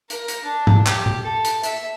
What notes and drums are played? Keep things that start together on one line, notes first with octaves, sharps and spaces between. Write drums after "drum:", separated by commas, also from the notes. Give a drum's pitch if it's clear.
A#4, drum: hi-hat
drum: hi-hat
D4
drum: tom
G4, drum: clap
drum: tom
A4
drum: hi-hat
E5, drum: hi-hat